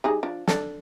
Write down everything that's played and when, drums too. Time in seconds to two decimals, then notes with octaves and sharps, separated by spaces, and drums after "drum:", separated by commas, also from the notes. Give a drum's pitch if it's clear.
0.04 G3 D#4 G#4
0.23 F3 D4
0.48 D4 A4, drum: snare